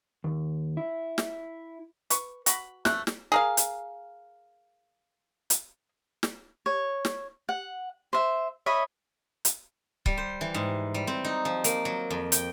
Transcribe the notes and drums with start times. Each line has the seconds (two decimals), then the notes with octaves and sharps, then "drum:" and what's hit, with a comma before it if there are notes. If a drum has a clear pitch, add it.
0.24 D#2
0.77 E4
1.18 drum: snare
2.10 B4 C#6, drum: hi-hat
2.46 F#4 B5, drum: hi-hat
2.85 A3 F#6, drum: snare
3.07 drum: snare
3.32 G#4 A#4 F5
3.57 drum: hi-hat
5.50 drum: hi-hat
6.23 drum: snare
6.66 C#5
7.05 drum: snare
7.49 F#5
8.13 C5 E5
8.66 C#5 D#5 E5 B5
9.45 drum: hi-hat
10.06 G3, drum: kick C#1
10.17 C5
10.41 E3
10.54 G#2
10.94 G3
11.07 C4
11.24 D#4
11.45 F3
11.64 A#3, drum: hi-hat
11.85 F#3
12.10 F2
12.32 G5, drum: hi-hat